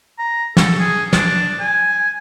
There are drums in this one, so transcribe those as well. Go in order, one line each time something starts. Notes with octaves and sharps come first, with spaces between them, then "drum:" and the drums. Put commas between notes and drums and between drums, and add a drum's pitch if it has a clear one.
A#5
A4, drum: snare
G#4
D4, drum: snare
G#5